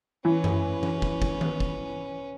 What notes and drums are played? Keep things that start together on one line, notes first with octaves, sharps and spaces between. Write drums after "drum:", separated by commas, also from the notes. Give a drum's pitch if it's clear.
E3 C#4 B4
drum: tom F#2
drum: tom E3
drum: kick
drum: kick
drum: tom D#3
drum: kick